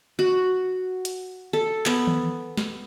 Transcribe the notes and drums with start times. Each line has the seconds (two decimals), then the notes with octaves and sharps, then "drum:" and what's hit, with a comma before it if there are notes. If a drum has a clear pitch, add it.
0.19 F#4
1.05 drum: hi-hat
1.53 A4
1.86 B3, drum: clap
2.07 drum: tom D#3
2.58 drum: snare